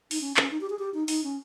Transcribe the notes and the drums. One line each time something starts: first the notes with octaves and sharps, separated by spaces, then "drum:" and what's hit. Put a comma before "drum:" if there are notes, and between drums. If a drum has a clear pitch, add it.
D#4, drum: open hi-hat
C#4
C#4, drum: clap
D#4
G4
G#4
G4
D#4
D#4, drum: open hi-hat
C#4